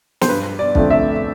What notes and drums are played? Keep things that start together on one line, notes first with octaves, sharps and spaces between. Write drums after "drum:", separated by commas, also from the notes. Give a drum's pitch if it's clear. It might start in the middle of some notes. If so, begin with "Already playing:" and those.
C5, drum: snare
G2 B4
D5
D3 F3 A3 C4, drum: kick
E5